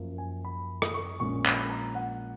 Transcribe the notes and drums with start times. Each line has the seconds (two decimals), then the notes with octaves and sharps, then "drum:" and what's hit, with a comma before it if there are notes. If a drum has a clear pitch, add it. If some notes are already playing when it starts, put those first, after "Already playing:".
Already playing: F#2 F3 A#3
0.18 G#5
0.45 B5
0.82 D#6, drum: rim click
0.94 C#6
1.20 A#1 A#2 G#3 C#4 C#6
1.45 B5, drum: clap
1.70 A#5
1.95 F#5